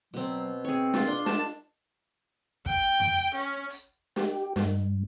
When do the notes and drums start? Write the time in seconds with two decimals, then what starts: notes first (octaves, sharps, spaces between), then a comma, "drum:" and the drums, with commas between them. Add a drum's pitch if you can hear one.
0.14 B2 F#3 C4
0.65 C4 G#4 C#5
0.94 F4, drum: snare
1.06 D4 C6
1.26 A5, drum: snare
2.66 G5, drum: kick
3.00 drum: tom F2
3.35 C#4
3.70 drum: hi-hat
4.16 G4, drum: snare
4.56 G2, drum: snare